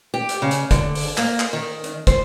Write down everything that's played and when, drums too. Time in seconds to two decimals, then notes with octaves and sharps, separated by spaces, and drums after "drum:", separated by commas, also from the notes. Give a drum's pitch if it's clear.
0.14 G4
0.29 drum: hi-hat
0.42 C#3
0.51 drum: hi-hat
0.71 D3, drum: kick, hi-hat
0.95 drum: open hi-hat
1.17 A#3, drum: clap
1.40 drum: clap
1.53 D#3
1.84 drum: hi-hat
2.07 C5, drum: kick, hi-hat